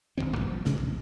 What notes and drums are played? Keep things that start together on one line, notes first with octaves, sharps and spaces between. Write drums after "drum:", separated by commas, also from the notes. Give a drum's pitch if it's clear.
D#1 D#2 D#3 C4
G2 B2 G3 B3, drum: kick
F3
A1 C3 G#3 D4, drum: snare
A#1 E2, drum: kick